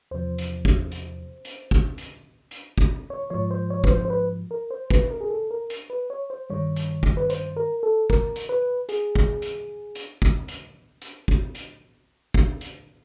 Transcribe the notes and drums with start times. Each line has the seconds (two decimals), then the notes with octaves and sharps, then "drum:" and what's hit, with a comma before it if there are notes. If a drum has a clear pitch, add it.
0.11 E2 C3 F3 C5
0.38 drum: hi-hat
0.65 drum: kick
0.92 drum: hi-hat
1.45 drum: hi-hat
1.71 drum: kick
1.98 drum: hi-hat
2.51 drum: hi-hat
2.78 drum: kick
3.10 C#5
3.30 G#2 F3 C#5
3.51 C5
3.70 C#5
3.84 B4, drum: kick
3.91 C5
4.05 C5
4.10 B4
4.51 A#4
4.71 C5
4.90 B4, drum: kick
5.11 A#4
5.21 G#4
5.30 A4
5.51 A#4
5.70 drum: hi-hat
5.90 B4
6.10 C#5
6.30 C5
6.50 G2 D#3 G3 C#5
6.76 drum: hi-hat
7.03 drum: kick
7.17 B4
7.30 C5, drum: hi-hat
7.56 A#4
7.83 A4
8.10 A#4, drum: kick
8.36 drum: hi-hat
8.49 B4
8.89 G#4, drum: hi-hat
9.15 drum: kick
9.42 drum: hi-hat
9.95 drum: hi-hat
10.22 drum: kick
10.48 drum: hi-hat
11.02 drum: hi-hat
11.28 drum: kick
11.55 drum: hi-hat
12.34 drum: kick
12.61 drum: hi-hat